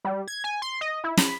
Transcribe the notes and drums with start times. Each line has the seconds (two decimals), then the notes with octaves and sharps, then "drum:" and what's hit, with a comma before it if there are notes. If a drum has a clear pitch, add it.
0.05 G3
0.28 G#6
0.44 G#5
0.62 C6
0.81 D#5
1.04 E4
1.17 B5, drum: snare